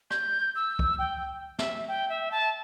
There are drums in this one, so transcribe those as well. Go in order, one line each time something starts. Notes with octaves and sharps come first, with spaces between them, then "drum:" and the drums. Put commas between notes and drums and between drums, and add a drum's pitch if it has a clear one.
G6, drum: rim click
E6
drum: kick
G5
E5, drum: snare
G5
E5
A5